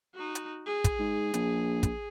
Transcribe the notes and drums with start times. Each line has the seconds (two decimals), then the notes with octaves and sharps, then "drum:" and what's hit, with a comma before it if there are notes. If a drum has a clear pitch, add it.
0.14 D#4 F#4
0.35 drum: hi-hat
0.66 G#4
0.84 drum: kick, hi-hat
0.99 G#2
1.34 A#1, drum: hi-hat
1.83 drum: kick, hi-hat